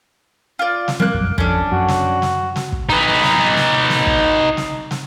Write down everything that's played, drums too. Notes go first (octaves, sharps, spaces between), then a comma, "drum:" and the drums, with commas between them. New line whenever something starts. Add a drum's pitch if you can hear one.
F4 D5
drum: snare
F3 G3 A#3 C4 F#6
F1 B1 F#2
F2 C#4 D4 A4, drum: kick
F#2 F#4
drum: snare
drum: snare
drum: snare
drum: kick
D#4 B4
drum: snare
drum: snare
drum: snare
drum: kick
drum: snare
drum: snare